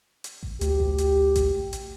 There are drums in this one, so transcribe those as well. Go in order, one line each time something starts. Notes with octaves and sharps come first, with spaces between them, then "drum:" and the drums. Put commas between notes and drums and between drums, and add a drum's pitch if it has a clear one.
drum: hi-hat
drum: kick A1
D2 G4, drum: hi-hat
drum: kick A1
drum: hi-hat
drum: kick A1, hi-hat
drum: hi-hat